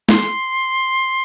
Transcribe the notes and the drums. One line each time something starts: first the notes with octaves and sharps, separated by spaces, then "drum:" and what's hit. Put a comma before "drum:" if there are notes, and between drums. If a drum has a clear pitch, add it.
C6, drum: snare